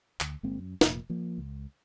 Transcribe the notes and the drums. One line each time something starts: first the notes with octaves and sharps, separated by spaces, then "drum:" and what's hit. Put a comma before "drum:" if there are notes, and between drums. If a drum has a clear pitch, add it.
D2, drum: clap
G1 G#3 A#3 C4
F#2
F1 A#2, drum: snare
F3 A#3
C#2